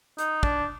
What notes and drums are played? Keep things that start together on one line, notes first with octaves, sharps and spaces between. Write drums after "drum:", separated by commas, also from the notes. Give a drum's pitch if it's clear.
D#4, drum: hi-hat
D4, drum: kick